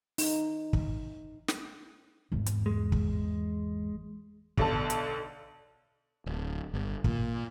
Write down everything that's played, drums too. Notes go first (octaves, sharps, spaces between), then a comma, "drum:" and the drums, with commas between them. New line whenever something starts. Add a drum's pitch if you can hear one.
D#4, drum: open hi-hat
drum: kick
drum: snare
G#1 E2
drum: hi-hat
G#3
drum: kick
B1 D3 A5, drum: kick
drum: hi-hat
D1
G1
A#2, drum: kick